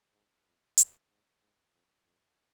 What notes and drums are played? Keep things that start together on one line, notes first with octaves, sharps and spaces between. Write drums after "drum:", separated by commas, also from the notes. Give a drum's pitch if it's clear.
G#2
F2
G#2, drum: hi-hat
G#2
G#2
F2
F2